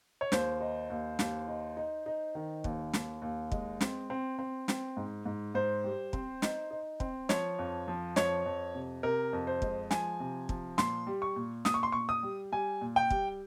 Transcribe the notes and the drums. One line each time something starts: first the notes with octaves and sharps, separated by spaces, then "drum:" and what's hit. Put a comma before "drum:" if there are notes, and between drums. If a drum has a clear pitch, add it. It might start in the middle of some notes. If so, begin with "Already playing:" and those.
C#5
D#2 C5, drum: snare
D#4
D#2
D#2, drum: snare
D#4
D#4
D#4
D#3
D#2, drum: kick
D#2, drum: snare
D#2
G#3, drum: kick
C4, drum: snare
C4
C4
C4, drum: snare
G#2
G#2
G#2 C5
G3
C4, drum: kick
D#4, drum: snare
D#4
C4, drum: kick
F3 C#5, drum: snare
F2
F3
F2 C#5, drum: snare
F2
C3
C3 A#4
F2
C5
G#3, drum: kick
F3 G#5, drum: snare
C3
F3, drum: kick
A#2 C6, drum: snare
G3
C#6
A#2
A#2 D#6, drum: snare
C#6
C6
A#2 C#6
D#6
G3
G3 G#5
A#2
G5
G3, drum: kick